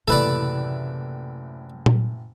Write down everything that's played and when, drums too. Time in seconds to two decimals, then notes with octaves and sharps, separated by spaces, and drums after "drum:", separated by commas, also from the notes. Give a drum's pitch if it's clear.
0.08 F#1 A2 C3 E3 A#3 A4 B4 D5
1.86 drum: tom A#2